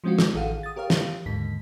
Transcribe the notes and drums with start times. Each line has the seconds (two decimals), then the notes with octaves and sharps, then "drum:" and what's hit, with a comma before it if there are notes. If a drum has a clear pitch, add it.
0.04 F3 G#3 C4 C#4 F4 F#4
0.18 drum: snare
0.34 A1 D#3 G#4 A4 F5 F#5
0.63 D#6 A6
0.76 G4 A#4 C#5 F5
0.90 drum: snare
1.26 D#2 G#2 D3 B6